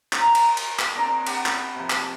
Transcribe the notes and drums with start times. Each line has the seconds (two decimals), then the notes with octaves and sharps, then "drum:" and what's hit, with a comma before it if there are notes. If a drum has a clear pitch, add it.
0.13 C5 A#5, drum: clap
0.35 drum: cymbal
0.57 drum: cymbal
0.79 drum: clap
0.95 C4 D4 G#4 A#4
1.27 G4 F#5 B5, drum: cymbal
1.46 drum: clap
1.76 C3 F3
1.90 drum: clap